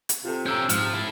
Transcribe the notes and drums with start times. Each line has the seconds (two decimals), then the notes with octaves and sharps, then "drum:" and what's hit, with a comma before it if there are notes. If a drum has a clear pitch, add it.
0.09 drum: hi-hat
0.25 C3 F4 A4
0.46 C#4 G4 A#5 E6 G6
0.69 G#2 F3 F6, drum: hi-hat
0.93 E4 A4